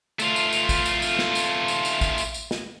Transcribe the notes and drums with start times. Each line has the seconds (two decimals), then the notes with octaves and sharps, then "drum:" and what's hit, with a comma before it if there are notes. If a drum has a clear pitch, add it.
0.20 A3 F4, drum: tambourine
0.36 drum: tambourine
0.53 drum: tambourine
0.69 drum: kick, tambourine
0.86 drum: tambourine
1.02 drum: tambourine
1.19 drum: snare
1.35 drum: tambourine
1.68 drum: tambourine
1.85 drum: tambourine
2.01 drum: kick, tambourine
2.18 drum: tambourine
2.34 drum: tambourine
2.51 drum: snare